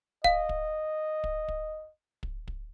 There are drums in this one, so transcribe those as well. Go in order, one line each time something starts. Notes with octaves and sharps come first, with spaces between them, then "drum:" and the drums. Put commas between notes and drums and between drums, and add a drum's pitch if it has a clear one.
D#5 F5, drum: kick
drum: kick
drum: kick
drum: kick
drum: kick
drum: kick